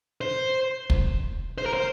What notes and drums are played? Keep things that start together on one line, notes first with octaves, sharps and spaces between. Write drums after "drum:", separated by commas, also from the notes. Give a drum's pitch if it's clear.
C5
drum: kick
C5
A#4
C5